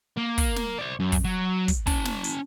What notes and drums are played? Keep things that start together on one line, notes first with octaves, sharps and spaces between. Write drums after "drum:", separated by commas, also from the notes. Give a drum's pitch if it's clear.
A#3
drum: kick, open hi-hat
drum: snare
C5 D5
F#2
drum: kick, open hi-hat
F#3
drum: kick, hi-hat
C#4 A5, drum: kick, open hi-hat
drum: snare
drum: hi-hat